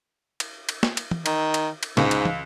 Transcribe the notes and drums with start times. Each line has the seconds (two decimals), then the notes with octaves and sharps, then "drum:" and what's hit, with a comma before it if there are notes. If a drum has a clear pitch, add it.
0.40 drum: cymbal
0.69 drum: cymbal
0.83 drum: snare
0.97 drum: cymbal
1.11 drum: tom
1.26 D#3, drum: cymbal
1.54 drum: cymbal
1.83 drum: cymbal
1.97 C#2 G#2, drum: snare
2.11 drum: cymbal
2.25 drum: tom